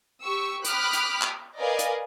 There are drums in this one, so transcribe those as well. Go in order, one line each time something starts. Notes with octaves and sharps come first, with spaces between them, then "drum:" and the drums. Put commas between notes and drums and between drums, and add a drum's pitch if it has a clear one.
G4 C#6 E6
G5 B5 D6 D#6 F6 F#6, drum: hi-hat
drum: hi-hat
drum: clap
A#4 B4 D5 D#5 F5 G#5
drum: hi-hat